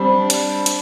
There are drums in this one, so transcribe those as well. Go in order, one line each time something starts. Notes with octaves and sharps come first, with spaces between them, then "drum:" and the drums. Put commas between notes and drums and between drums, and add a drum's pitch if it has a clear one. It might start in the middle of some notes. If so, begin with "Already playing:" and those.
Already playing: G3 C4 D4
drum: hi-hat
drum: hi-hat